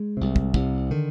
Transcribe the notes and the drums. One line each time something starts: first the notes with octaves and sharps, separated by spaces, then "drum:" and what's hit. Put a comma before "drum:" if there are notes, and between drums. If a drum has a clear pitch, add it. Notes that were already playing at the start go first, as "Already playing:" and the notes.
Already playing: G#3
C2 C3
drum: kick
C2 C3, drum: kick
D3 D#3